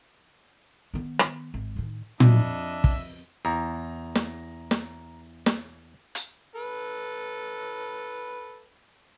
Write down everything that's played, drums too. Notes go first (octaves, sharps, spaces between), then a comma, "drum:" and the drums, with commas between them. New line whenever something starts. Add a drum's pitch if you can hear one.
D#3 B3
drum: rim click
G#1
A2 D#3
F2 D4 D#5 E5, drum: tom A#2
drum: kick
E2 A#5
drum: snare
drum: snare
drum: snare
drum: hi-hat
A4 B4